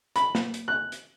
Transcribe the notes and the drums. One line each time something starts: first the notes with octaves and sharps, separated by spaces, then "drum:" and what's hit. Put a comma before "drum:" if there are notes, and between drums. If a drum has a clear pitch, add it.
B5, drum: hi-hat
drum: snare
drum: hi-hat
F#6
drum: hi-hat